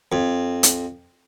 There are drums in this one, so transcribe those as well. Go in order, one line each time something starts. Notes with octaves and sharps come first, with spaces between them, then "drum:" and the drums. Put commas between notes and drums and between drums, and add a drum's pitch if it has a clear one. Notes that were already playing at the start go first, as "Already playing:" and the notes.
F2
drum: hi-hat